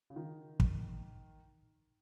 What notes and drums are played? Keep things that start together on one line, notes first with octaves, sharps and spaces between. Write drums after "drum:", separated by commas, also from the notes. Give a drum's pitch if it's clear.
C#3
D#3
drum: kick